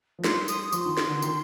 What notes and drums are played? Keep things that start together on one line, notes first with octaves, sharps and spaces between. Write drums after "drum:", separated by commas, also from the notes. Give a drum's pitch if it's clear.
F3
G3 C6, drum: snare
D#6, drum: tambourine
F3 C6, drum: tambourine
D#3
drum: snare
D3
D#3, drum: tambourine